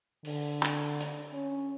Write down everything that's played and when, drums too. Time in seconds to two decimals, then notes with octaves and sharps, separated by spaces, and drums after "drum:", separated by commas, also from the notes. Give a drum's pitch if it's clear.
0.25 D3, drum: open hi-hat
0.63 drum: clap
1.01 drum: hi-hat
1.33 C#4